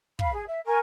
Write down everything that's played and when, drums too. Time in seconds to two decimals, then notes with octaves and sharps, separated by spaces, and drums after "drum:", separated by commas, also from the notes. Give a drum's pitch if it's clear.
0.19 F5 B5, drum: kick
0.33 G#4
0.46 E5
0.66 A#4 G#5 C#6